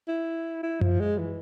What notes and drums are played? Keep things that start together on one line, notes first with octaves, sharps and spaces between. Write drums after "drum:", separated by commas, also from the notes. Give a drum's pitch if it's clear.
E4
E4
F3, drum: tom F#2
G#3
E3